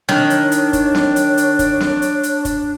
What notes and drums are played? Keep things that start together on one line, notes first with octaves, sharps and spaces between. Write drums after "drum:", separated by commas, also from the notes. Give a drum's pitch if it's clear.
D#3 D4 C#5, drum: snare
drum: hi-hat
drum: hi-hat
drum: kick, hi-hat
drum: snare
drum: hi-hat
drum: hi-hat
drum: kick, hi-hat
drum: snare
drum: hi-hat
drum: hi-hat
drum: kick, hi-hat